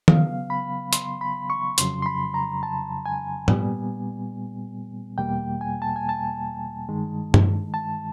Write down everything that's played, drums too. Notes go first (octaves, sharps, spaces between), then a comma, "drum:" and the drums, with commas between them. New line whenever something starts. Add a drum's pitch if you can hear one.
C#3 F#3 B3 F5, drum: tom D#3
B5
C6, drum: hi-hat
B5
C#6
F2 C#3 F#3 C6, drum: hi-hat
C6
B5
A#5
A5
G#5
A#2 G3 B3, drum: tom G#2
E2 B2 G3 A#3 G5
G#5
A5
G#5
A5
G2 D#3 G#3
drum: tom G2
A5